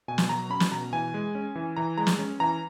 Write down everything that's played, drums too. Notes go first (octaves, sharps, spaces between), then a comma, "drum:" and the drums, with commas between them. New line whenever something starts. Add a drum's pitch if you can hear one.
B2 G#5
drum: snare
F#3 A#5
C#4 B5
drum: snare
B2 A#5
E3 G#5
G#3
C#4
E3
E3 A#5
G#3 A#5
drum: snare
C#4
E3 A#5